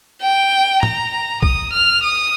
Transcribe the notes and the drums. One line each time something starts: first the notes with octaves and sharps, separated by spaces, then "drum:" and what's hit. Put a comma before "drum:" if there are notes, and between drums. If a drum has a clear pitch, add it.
G5
A#5, drum: tom
D#6, drum: kick
F6
D#6